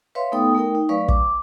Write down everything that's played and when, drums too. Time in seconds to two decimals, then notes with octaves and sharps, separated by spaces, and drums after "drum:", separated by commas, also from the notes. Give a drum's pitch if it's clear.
0.15 B4 C#5 E5 F5 C6
0.32 A3 B3 D#4 A4 G5 D#6
0.55 A3 D#4 A#4 G5
0.75 D#4
0.89 F#3 A3 B4 D5 F5 C#6
1.08 D6, drum: kick